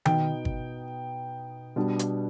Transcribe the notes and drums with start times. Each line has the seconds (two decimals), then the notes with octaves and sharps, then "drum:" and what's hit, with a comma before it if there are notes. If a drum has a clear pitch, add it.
0.05 B2 B3 D#4 G5, drum: tom D#3
0.45 drum: kick G1
1.76 B2 G3 B3 D4
1.99 drum: hi-hat